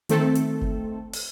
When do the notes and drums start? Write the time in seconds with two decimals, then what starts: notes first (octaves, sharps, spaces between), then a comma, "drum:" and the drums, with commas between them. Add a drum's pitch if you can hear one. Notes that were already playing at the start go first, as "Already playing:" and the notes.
0.09 D#3 A3 C4 A4, drum: hi-hat
0.35 drum: hi-hat
0.61 drum: kick F#1
1.13 drum: open hi-hat